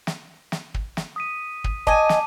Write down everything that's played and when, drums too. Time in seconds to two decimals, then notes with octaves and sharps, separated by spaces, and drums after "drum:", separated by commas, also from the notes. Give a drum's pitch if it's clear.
0.07 drum: snare
0.52 drum: snare
0.74 drum: kick
0.97 drum: snare
1.16 D#6 B6 D#7
1.64 drum: kick
1.87 D#5 G#5 A5 D6 D#7, drum: kick
2.09 drum: snare